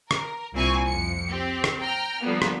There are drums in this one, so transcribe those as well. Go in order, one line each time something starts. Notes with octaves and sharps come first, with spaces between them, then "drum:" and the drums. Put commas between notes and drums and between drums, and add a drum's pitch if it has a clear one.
A#4, drum: rim click
C2 A#2 C4 E4 G#5 C#6
F2 F3 C#7
C4 G4
drum: rim click
G5 A#5 F6
D3 F3 G3 A#3 B3
drum: rim click